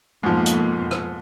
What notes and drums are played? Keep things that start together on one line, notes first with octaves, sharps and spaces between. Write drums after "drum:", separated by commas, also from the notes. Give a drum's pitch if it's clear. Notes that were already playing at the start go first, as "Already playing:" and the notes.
F2 G#2 B2 F3 A#3
drum: hi-hat
drum: rim click